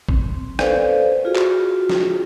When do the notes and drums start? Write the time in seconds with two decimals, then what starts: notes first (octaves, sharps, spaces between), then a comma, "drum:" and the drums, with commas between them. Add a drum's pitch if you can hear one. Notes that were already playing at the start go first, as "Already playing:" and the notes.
0.09 C4, drum: kick
0.59 A4 B4 C5 D5 F5, drum: rim click
1.25 F4 F#4 G#4
1.36 drum: clap
1.89 drum: snare